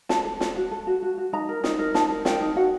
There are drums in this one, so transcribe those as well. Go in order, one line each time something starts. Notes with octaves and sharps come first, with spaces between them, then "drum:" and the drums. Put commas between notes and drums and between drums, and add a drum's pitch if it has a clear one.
A4 A5, drum: snare
A4
A4, drum: snare
F#4
A4
F#4
F#4
F#4
D#4 A#5
A#4
D#4, drum: snare
A#4
D#4 A5, drum: snare
A#4
A#4 G5, drum: snare
D#4
F#4 F#5